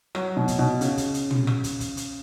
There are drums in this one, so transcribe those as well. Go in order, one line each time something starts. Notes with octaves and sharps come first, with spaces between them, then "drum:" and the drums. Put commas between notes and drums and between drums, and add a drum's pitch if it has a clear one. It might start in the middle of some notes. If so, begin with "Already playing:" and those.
F#3, drum: rim click
B2
drum: kick, hi-hat
B2
C#3, drum: hi-hat
drum: kick, hi-hat
drum: hi-hat
drum: tom
drum: rim click
drum: kick, hi-hat
drum: kick, hi-hat
drum: hi-hat